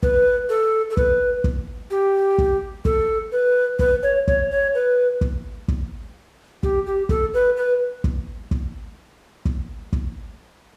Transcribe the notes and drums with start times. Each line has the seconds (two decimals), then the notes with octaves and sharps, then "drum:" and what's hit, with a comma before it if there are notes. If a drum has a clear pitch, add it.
0.03 B4, drum: kick
0.49 A4
0.90 A4
0.97 B4, drum: kick
1.44 drum: kick
1.91 G4
2.38 drum: kick
2.85 A4, drum: kick
3.32 B4
3.79 B4, drum: kick
4.03 C#5
4.28 C#5, drum: kick
4.51 C#5
4.74 B4
5.21 drum: kick
5.68 drum: kick
6.63 G4, drum: kick
6.86 G4
7.09 A4, drum: kick
7.34 B4
7.57 B4
8.04 drum: kick
8.51 drum: kick
9.45 drum: kick
9.93 drum: kick